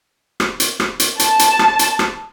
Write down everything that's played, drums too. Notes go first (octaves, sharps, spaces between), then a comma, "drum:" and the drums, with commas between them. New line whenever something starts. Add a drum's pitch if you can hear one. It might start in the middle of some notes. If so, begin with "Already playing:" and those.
drum: rim click
drum: hi-hat
drum: rim click
drum: hi-hat
A5, drum: hi-hat
drum: hi-hat
drum: rim click
drum: hi-hat
drum: rim click